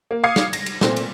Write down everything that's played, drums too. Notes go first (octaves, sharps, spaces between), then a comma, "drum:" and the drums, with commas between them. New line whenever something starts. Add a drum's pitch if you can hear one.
A#3
F5 D6 D#6 G#6 C7 C#7
drum: snare
A#6, drum: cymbal
drum: cymbal
A#2 A3 C4, drum: snare
drum: cymbal